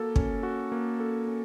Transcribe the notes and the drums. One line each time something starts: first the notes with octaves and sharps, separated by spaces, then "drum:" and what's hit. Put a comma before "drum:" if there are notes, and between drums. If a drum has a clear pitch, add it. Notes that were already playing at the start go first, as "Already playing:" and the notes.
Already playing: A#3 F#4 A4
C#4, drum: kick
F#4
A#3
A4
C#4